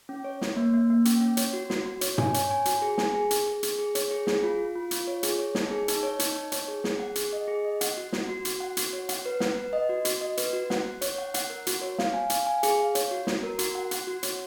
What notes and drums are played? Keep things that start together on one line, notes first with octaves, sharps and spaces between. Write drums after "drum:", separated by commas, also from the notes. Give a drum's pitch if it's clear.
C#4
C#5
C#5, drum: snare
A#3
A#3
A#3
C#4, drum: hi-hat
C#4
C#5, drum: hi-hat
F#4
F#4, drum: snare
F#4
C#5, drum: hi-hat
G#5, drum: tom
C#5, drum: hi-hat
G#5
F#4, drum: hi-hat
G#4
G#5, drum: snare
G#4
G#4, drum: hi-hat
G#4
G#4, drum: hi-hat
G#4
C#5, drum: hi-hat
G#4
G#4, drum: snare
F4
F4
F4
F4, drum: hi-hat
C#5
G#4, drum: hi-hat
C#5
D#4, drum: snare
G#4
D#4, drum: hi-hat
C#5
D#4, drum: hi-hat
D#4
C#5, drum: hi-hat
G#4
G#4, drum: snare
F#5
G#4, drum: hi-hat
D#5
G#4
D#5
F#5, drum: hi-hat
F#4
F#4, drum: snare
F#4
F#4, drum: hi-hat
F#5
F#4, drum: hi-hat
C#5
F#5, drum: hi-hat
B4
F#5, drum: snare
B4
D#5
F#4
F#4, drum: hi-hat
D#5
B4, drum: hi-hat
F#4
F#5, drum: snare
F#5
C#5, drum: hi-hat
F#5
F#5, drum: hi-hat
A#4
F#4, drum: hi-hat
C#5
F5, drum: snare
G#5
F5, drum: hi-hat
G#5
G#4, drum: hi-hat
F5
C#5, drum: hi-hat
F#4
F#4, drum: snare
A#4
F#4, drum: hi-hat
F#5
F#5, drum: hi-hat
F#4
C#5, drum: hi-hat